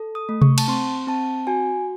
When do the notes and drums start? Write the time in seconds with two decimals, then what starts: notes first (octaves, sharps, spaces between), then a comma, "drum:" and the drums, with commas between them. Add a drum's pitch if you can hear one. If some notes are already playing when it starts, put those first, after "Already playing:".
Already playing: A4
0.15 D#6
0.29 A3
0.42 C#6, drum: tom C3
0.58 A5, drum: cymbal
0.68 C4 C6
1.07 C4 A5
1.47 F#4 G#5